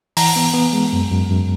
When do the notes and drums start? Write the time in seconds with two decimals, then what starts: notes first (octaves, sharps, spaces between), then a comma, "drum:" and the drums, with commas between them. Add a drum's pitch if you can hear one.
0.17 E3 A#5, drum: open hi-hat
0.36 B3
0.54 B3
0.73 G#3
0.93 F#2
1.11 F#2
1.31 F#2